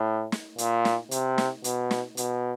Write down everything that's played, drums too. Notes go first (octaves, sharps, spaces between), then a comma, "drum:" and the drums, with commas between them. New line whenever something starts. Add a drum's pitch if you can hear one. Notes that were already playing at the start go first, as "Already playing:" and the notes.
Already playing: A2
drum: snare
A#2, drum: hi-hat
drum: snare
C3, drum: hi-hat
drum: snare
B2, drum: hi-hat
drum: snare
B2, drum: hi-hat